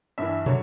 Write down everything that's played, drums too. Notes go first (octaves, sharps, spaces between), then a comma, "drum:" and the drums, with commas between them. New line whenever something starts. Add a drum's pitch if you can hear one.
G2 E3 E5
D3 F#3 C#5, drum: tom